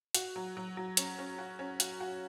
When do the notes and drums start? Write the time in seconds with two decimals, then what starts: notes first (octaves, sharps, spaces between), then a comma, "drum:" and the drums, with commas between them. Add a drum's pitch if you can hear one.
0.15 F#4, drum: hi-hat
0.36 F#3
0.57 F#3
0.77 F#3
0.97 C#4, drum: hi-hat
1.18 C#4
1.38 F#4
1.59 C#4
1.80 F#4, drum: hi-hat
2.00 F#4